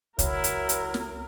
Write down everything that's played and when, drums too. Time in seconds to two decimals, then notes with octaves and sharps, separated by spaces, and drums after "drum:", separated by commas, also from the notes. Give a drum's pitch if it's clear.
0.19 C#2 F#3 E4 A#4, drum: kick, hi-hat
0.44 drum: hi-hat
0.69 drum: hi-hat
0.94 drum: snare